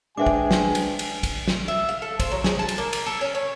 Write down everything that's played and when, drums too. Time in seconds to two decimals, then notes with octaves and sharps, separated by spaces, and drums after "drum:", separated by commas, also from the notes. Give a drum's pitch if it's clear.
0.17 G#3 D4 B4 C5 E5 G5 G#5 D6
0.26 drum: kick
0.51 drum: snare
0.75 drum: cymbal
0.99 drum: cymbal
1.23 drum: kick, cymbal
1.48 drum: snare
1.68 E5
1.89 F5
2.02 A4
2.20 C5, drum: kick, cymbal
2.32 F#3
2.44 G#4, drum: snare
2.59 A5
2.69 drum: cymbal
2.78 A#3
2.93 drum: cymbal
3.06 A4
3.21 C#4
3.35 C#5